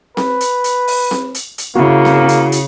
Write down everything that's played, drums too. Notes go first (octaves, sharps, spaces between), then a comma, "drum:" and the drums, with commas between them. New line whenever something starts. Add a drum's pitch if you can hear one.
B4, drum: snare C4
drum: hi-hat
drum: hi-hat
drum: open hi-hat
drum: snare C4
drum: hi-hat
drum: hi-hat
C#3 A#3 E4 F#4
drum: snare C4
drum: hi-hat
drum: hi-hat